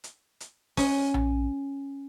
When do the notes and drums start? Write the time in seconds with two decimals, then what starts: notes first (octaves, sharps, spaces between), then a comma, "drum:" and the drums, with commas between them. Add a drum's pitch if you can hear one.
0.04 drum: hi-hat
0.40 drum: hi-hat
0.77 C#4, drum: kick, open hi-hat
1.14 drum: tom A#1